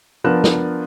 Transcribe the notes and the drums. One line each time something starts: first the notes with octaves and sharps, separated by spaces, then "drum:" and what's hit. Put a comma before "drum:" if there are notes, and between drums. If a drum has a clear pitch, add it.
F3 B3 D4 A#4 F#6 E7
drum: snare